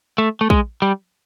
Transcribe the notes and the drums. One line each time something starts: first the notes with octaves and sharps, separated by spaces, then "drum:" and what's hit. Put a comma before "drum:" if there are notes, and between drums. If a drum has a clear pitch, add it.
A3
A3
G#3, drum: kick
G3